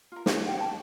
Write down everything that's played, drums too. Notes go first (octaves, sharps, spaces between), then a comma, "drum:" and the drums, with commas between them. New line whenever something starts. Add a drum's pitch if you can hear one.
F4 A#4
G4 C#5 F5, drum: snare
D4 F#5 G5
G5 A5